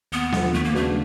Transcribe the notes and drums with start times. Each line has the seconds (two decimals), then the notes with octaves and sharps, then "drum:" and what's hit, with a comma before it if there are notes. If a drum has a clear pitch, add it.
0.12 D#2 B3
0.32 D3 F3, drum: snare B3
0.54 D#2 A3
0.64 A#3
0.75 C#3 F#3 A3 B3 D4